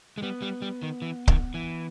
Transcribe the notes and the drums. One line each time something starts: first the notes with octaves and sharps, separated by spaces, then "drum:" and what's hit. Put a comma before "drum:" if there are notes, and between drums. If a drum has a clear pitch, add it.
G#3
G3 B3
G3
G3
D#3
E3
D#3, drum: kick C#1
E3